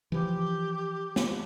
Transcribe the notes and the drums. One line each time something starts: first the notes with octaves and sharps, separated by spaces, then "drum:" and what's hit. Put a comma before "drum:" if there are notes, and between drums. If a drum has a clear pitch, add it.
E3 F3 G4
drum: snare